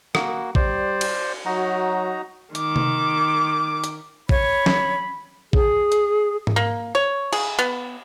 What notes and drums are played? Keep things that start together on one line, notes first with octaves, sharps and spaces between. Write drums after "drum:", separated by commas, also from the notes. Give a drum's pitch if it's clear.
A#3 F#4, drum: rim click
G3 C5 D5, drum: kick
drum: cymbal
F#3 D#4 F#4 A#5
D#3 D6, drum: hi-hat
drum: tom C3
drum: hi-hat
C#5 B5, drum: kick
drum: snare
G#4, drum: kick
drum: hi-hat
drum: tom G#2
A#3
C#5
G#4, drum: cymbal
B3, drum: hi-hat